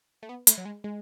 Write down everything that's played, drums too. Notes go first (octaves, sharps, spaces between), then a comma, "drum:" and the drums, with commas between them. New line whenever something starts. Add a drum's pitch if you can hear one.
A3
B3
A3, drum: hi-hat
F#3
G#3
G#3